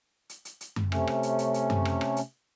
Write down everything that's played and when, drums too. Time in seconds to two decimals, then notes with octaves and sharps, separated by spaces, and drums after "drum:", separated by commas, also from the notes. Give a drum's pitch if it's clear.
0.29 drum: hi-hat
0.45 drum: hi-hat
0.61 drum: hi-hat
0.76 drum: tom F#2
0.92 C3 A3 C#4, drum: rim click
1.07 drum: rim click
1.23 drum: hi-hat
1.39 drum: hi-hat
1.54 drum: hi-hat
1.70 drum: tom F#2
1.85 drum: rim click
2.01 drum: rim click
2.17 drum: hi-hat